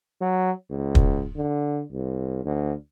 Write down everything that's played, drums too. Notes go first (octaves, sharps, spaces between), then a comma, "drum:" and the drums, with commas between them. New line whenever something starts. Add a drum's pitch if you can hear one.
F#3
C#2
drum: kick
D3
C2
D2